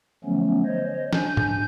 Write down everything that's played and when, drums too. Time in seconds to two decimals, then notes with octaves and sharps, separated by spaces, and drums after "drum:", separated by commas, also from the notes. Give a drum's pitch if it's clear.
0.25 D3 F3 F#3 A3 B3 C#4
0.66 C5 C#5 D#5
1.13 D4 G#5 G6, drum: snare
1.37 drum: tom G#2